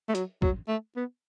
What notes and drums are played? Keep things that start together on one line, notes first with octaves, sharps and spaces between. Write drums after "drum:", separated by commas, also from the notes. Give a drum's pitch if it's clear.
A3
F#3, drum: hi-hat
F#3, drum: kick
A3
B3